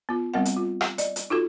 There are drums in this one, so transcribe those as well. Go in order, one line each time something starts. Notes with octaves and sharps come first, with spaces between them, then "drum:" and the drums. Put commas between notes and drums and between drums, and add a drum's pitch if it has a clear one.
B3 F4
G3 B3 C4 A#4 D#5 F#5
drum: hi-hat
F4
drum: rim click
D5 D#5, drum: hi-hat
drum: hi-hat
D#4 F4 F#4 A4